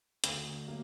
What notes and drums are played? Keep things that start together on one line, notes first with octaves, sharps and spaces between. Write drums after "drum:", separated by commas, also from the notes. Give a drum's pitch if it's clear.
D2, drum: hi-hat
F#3 A#3